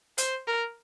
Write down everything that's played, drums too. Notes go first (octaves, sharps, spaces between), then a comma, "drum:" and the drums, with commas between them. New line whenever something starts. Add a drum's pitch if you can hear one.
C5, drum: hi-hat
A#4